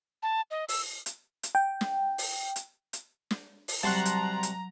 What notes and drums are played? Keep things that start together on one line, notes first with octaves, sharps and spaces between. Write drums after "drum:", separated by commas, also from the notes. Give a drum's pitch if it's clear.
A5
D#5
E6, drum: open hi-hat
drum: hi-hat
drum: hi-hat
G5
drum: snare
drum: open hi-hat
drum: hi-hat
drum: hi-hat
drum: snare
drum: open hi-hat
C3 F#3 G3 F#4 A5 A#5 C6 F#6
drum: hi-hat
drum: hi-hat